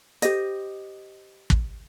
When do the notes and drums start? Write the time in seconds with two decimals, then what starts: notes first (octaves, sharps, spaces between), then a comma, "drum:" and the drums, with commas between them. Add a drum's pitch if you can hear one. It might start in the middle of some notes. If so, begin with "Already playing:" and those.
0.22 G4 C5 D#5, drum: hi-hat
1.50 drum: kick